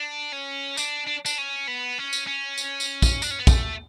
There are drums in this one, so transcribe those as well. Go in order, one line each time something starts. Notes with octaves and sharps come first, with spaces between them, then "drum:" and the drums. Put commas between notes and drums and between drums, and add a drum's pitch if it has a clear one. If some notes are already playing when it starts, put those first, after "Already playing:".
Already playing: D4
C#4
D4, drum: tambourine
D4
D4, drum: tambourine
C#4
B3
C#4
drum: tambourine
C#4
drum: tambourine
drum: tambourine
drum: kick, tambourine
D4, drum: tambourine
C#4
B3
A3, drum: kick, tambourine